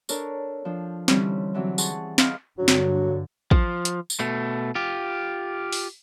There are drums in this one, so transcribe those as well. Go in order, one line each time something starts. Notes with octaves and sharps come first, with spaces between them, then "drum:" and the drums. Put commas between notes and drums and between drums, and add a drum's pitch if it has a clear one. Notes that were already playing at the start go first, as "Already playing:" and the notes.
D4 A4 A#4 C#5, drum: tambourine
F3 D4
D3 E3 G3 C4 C#4 D#4, drum: snare
D3 E3 F#3 C4
G#4 F#5 A5 C6 C#6, drum: tambourine
B4 D#5 F5 C6, drum: snare
G2 D3 F#3
drum: snare
F3, drum: kick
drum: hi-hat
drum: tambourine
B2 A3
F4 G4
drum: open hi-hat